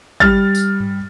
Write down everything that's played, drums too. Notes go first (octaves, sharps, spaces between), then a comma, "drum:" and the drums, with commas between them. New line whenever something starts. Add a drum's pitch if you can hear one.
G3 F6 A6, drum: kick
drum: tambourine
drum: tom G2